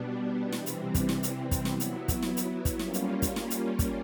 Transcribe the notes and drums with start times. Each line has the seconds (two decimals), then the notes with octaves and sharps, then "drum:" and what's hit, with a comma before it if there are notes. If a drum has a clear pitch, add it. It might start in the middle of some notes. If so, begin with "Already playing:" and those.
Already playing: B2 G3 B3 D4
0.52 C3 E3 G3 C4, drum: snare
0.66 drum: hi-hat
0.95 drum: kick, hi-hat
1.09 drum: snare
1.23 drum: hi-hat
1.51 drum: kick, hi-hat
1.65 F#3 B3 E4, drum: snare
1.80 drum: hi-hat
2.08 drum: kick, hi-hat
2.22 drum: snare
2.37 drum: hi-hat
2.65 drum: kick, hi-hat
2.79 G3 A#3 C#4 F4, drum: snare
2.94 drum: hi-hat
3.22 drum: kick, hi-hat
3.36 drum: snare
3.50 drum: hi-hat
3.79 drum: kick, hi-hat